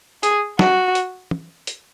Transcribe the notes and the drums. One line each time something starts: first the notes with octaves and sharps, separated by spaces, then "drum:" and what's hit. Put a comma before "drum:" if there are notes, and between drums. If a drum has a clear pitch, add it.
G#4, drum: hi-hat
F#4, drum: snare
drum: hi-hat
drum: tom
drum: hi-hat